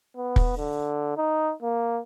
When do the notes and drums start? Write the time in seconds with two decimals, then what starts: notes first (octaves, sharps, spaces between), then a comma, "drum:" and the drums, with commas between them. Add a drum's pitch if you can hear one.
0.17 B3
0.36 drum: kick
0.57 D3
1.17 D#4
1.63 A#3